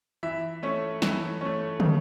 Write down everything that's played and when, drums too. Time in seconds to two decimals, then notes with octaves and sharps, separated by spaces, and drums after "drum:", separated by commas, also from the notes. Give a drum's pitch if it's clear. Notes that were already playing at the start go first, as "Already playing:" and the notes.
0.23 E3 E5
0.63 A3 C#4
1.02 E3, drum: snare
1.41 A3 C#4
1.80 C#3, drum: tom